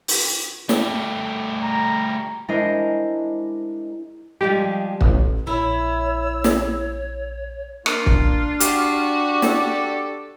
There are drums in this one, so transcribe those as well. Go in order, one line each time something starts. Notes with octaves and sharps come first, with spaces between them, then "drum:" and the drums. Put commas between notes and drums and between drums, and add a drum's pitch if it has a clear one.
drum: open hi-hat
G3 A3, drum: snare
A#5
G#3 D4 E4 A#4 C5 D#5
F3 G3 G#3 G4
A1, drum: kick
A#1 E4 C#5 E6
drum: snare
A#3 D4 F4, drum: rim click
drum: kick
F#4 G4, drum: hi-hat
A4, drum: snare